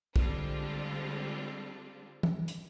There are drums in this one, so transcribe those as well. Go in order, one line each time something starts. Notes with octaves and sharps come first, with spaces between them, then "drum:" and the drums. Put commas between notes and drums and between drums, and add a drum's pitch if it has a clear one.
D3 G3 G#3 C4 D4 F4, drum: kick
drum: tom E3
drum: hi-hat